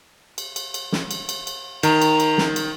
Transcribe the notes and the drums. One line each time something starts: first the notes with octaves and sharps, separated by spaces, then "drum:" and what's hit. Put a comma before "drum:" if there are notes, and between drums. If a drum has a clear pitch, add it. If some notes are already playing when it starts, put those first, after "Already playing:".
drum: cymbal
drum: cymbal
drum: cymbal
drum: snare
drum: cymbal
drum: cymbal
drum: cymbal
D#3 A#5, drum: cymbal
drum: cymbal
drum: cymbal
drum: snare
drum: cymbal